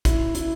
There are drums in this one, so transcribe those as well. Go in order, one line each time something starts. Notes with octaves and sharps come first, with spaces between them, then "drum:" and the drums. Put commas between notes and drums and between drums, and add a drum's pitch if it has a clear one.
E4, drum: kick, hi-hat
E4, drum: hi-hat